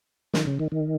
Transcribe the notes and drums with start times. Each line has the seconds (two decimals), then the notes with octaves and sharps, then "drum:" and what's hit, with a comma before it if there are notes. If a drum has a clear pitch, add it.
0.34 D#3, drum: snare
0.47 C#3
0.59 D#3
0.72 D#3